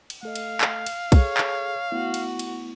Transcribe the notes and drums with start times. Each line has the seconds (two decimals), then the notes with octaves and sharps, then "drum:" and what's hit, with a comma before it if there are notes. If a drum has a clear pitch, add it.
0.10 drum: cymbal
0.23 A3 A4 D#5 F5
0.35 drum: cymbal
0.61 drum: clap
0.86 drum: cymbal
1.12 G#4 A4 C#5, drum: kick B1, cymbal
1.37 drum: clap
1.92 A3 B3 E4 F#4
2.14 drum: cymbal
2.39 drum: cymbal